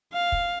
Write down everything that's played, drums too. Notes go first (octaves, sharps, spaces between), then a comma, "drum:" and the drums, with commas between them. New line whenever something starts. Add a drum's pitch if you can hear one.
F5
drum: kick